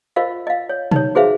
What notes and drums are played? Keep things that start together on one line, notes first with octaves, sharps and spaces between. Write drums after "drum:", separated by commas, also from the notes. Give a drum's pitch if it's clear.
F4 A#4 C5 D#5 F5
D#5 F5
C#5
D#4 C#5, drum: tom B2
F#4 G#4 B4 C5 E5 F5